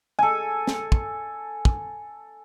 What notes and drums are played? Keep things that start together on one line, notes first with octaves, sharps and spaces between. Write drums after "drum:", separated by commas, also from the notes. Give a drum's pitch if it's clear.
A4 G#5
drum: snare
drum: kick
drum: kick